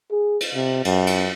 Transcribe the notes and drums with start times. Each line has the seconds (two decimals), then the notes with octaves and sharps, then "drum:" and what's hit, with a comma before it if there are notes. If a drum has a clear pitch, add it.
0.11 G#4
0.41 drum: cymbal
0.55 C3
0.85 F#2, drum: cymbal
1.07 drum: cymbal